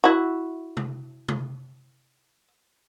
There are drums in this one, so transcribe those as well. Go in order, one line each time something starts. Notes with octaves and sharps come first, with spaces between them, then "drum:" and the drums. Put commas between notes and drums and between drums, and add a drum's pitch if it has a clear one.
E4 F#4
drum: tom C3
drum: tom C3